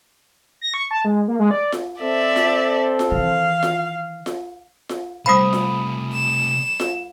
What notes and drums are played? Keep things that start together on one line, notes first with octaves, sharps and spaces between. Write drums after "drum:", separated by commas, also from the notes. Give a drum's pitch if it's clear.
A#6
C#6
A5
G#3
A#3
G#3
D5
drum: snare F4
C4 A4 D5 E5
drum: snare F4
drum: snare F4
D#3 E3 F5
drum: snare F4
drum: snare F4
drum: snare F4
C3 G3 A3 C5 F5 B5 D#6
drum: snare F4
E7
drum: snare F4